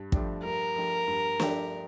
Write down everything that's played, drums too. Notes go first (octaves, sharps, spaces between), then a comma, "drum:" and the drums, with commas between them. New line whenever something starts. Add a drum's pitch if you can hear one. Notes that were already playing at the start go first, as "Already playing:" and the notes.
Already playing: G2
F3 A3 D4 G4, drum: kick
G2 A#4
F3 A3 D4 G4
G2
F3 A3 D4 G4, drum: snare